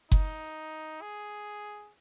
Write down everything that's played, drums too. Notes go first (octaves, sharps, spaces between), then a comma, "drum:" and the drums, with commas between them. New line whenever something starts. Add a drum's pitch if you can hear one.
D#4, drum: kick F#1
G#4